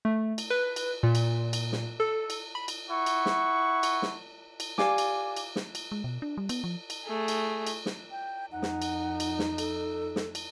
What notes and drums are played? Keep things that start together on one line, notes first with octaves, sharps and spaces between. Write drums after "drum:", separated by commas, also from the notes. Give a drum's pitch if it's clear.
A3
drum: cymbal
B4
drum: cymbal
A#2
drum: cymbal
drum: cymbal
drum: snare
A4
drum: cymbal
B5
drum: cymbal
E4 F#5 C#6
drum: cymbal
drum: snare
drum: cymbal
drum: snare
drum: cymbal
G4 D5 F5 G#5 D6, drum: snare
drum: cymbal
drum: cymbal
drum: snare
drum: cymbal
G#3
B2
D4
G3
B3, drum: cymbal
F3
drum: cymbal
A3 G#4
drum: cymbal
drum: cymbal
drum: snare
G5
F2 D#4 F#5
drum: snare
drum: cymbal
drum: cymbal
drum: snare
A4, drum: cymbal
drum: snare
drum: cymbal